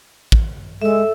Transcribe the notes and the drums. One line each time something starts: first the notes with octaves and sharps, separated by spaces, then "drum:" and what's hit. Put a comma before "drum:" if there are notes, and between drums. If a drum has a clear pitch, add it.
drum: kick
G#3 A4 E5 E6